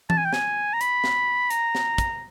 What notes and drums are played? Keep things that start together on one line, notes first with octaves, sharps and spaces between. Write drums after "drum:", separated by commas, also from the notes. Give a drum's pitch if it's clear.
A5, drum: tom E3
G#5
G5
G#5, drum: snare
A#5
B5, drum: hi-hat
drum: snare
A#5, drum: hi-hat
drum: snare
drum: kick, hi-hat